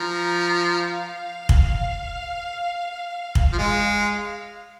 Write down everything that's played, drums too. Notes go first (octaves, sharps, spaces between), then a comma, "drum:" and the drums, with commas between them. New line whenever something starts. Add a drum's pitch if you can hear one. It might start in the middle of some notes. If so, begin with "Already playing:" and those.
Already playing: F3 A#5
F5
drum: kick
drum: kick
F3
G#3 F5